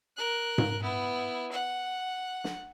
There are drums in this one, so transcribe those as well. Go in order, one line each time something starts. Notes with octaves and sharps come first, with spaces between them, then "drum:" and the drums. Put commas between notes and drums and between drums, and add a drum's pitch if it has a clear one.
A#4 F#6
drum: tom G#2
B3 E4
F#5
drum: snare